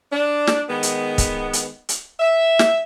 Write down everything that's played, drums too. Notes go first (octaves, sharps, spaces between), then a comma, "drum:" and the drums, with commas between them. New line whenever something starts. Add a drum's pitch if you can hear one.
D4
drum: snare
D#3 G#3 B3
drum: hi-hat
drum: kick, hi-hat
drum: hi-hat
drum: hi-hat
E5
drum: snare